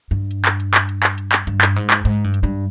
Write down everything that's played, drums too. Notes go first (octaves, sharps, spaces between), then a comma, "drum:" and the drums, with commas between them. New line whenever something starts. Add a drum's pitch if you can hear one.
G2
drum: hi-hat
drum: clap
drum: hi-hat
drum: clap
drum: hi-hat
drum: clap
drum: hi-hat
drum: clap
G2, drum: hi-hat
drum: clap
G#2, drum: hi-hat
drum: clap
G#2, drum: hi-hat
G2
drum: hi-hat
G2